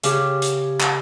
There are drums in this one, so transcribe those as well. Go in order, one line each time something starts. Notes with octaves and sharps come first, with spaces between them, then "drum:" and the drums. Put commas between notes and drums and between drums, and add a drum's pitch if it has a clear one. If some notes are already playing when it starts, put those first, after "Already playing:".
C#3 G4, drum: hi-hat
drum: hi-hat
drum: clap